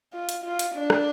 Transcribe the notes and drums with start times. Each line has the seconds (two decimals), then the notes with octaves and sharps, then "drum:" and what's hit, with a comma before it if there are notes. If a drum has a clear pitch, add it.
0.13 F4
0.29 drum: hi-hat
0.44 F4
0.59 drum: hi-hat
0.75 D4
0.90 drum: rim click